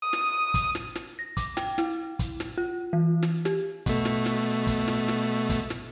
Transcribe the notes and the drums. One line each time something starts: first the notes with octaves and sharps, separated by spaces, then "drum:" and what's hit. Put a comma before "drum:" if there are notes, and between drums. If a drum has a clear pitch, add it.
D#6
drum: snare
drum: kick, hi-hat
drum: snare
drum: snare
A#6
D6, drum: kick, hi-hat
G5, drum: snare
E4, drum: snare
drum: kick, hi-hat
drum: snare
F4
E3
drum: snare
G4, drum: snare
B2 A3, drum: kick, hi-hat
drum: snare
drum: snare
drum: kick, hi-hat
drum: snare
drum: snare
drum: kick, hi-hat
drum: snare